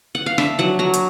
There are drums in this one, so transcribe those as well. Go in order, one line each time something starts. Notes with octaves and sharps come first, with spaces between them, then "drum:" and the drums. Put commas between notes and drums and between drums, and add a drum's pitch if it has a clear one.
F#5
F5
D4 E5, drum: rim click
F#3 F#5
F#3 A#5
drum: hi-hat